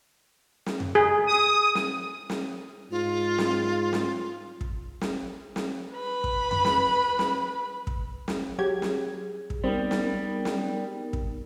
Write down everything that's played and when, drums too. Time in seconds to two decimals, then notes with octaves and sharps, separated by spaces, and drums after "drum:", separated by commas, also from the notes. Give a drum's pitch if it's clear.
0.66 drum: snare
0.80 drum: tom F2
0.95 G#4
1.27 D#6
1.75 drum: snare
2.30 drum: snare
2.91 G#2 F4
3.38 drum: snare
3.93 drum: snare
4.61 drum: kick
5.01 drum: snare
5.56 drum: snare
5.94 B4 B5
6.24 drum: kick
6.51 drum: tom F2
6.65 drum: snare
7.19 drum: snare
7.87 drum: kick
8.28 drum: snare
8.59 F#3 G4 G#4 G#6
8.82 drum: snare
9.50 drum: kick
9.64 G3 B3 C4 D#4 A#4
9.91 drum: snare
10.45 drum: snare
11.13 drum: kick